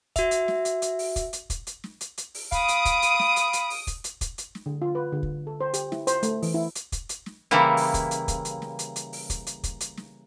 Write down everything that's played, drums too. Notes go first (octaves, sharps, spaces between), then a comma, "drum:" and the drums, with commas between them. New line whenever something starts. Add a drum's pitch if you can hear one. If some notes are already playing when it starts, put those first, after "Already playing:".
F#4 E5, drum: kick, hi-hat
drum: hi-hat
drum: snare
drum: hi-hat
drum: hi-hat
drum: open hi-hat
drum: kick, hi-hat
drum: hi-hat
drum: kick, hi-hat
drum: hi-hat
drum: snare
drum: hi-hat
drum: hi-hat
drum: open hi-hat
F5 B5 D#6 D7, drum: kick, hi-hat
drum: hi-hat
drum: kick, hi-hat
drum: hi-hat
drum: snare
drum: hi-hat
drum: hi-hat
drum: open hi-hat
drum: kick, hi-hat
drum: hi-hat
drum: kick, hi-hat
drum: hi-hat
drum: snare
D3
F4
B4
D3
drum: kick
A4
C5
G4, drum: hi-hat
E4, drum: snare
C5, drum: hi-hat
A3, drum: hi-hat
E3, drum: open hi-hat
E4
drum: hi-hat
drum: kick, hi-hat
drum: hi-hat
drum: snare
C#3 E3 G3 A#3 E4
drum: open hi-hat
drum: kick, hi-hat
drum: hi-hat
drum: kick, hi-hat
drum: hi-hat
drum: snare
drum: hi-hat
drum: hi-hat
drum: open hi-hat
drum: kick, hi-hat
drum: hi-hat
drum: kick, hi-hat
drum: hi-hat
drum: snare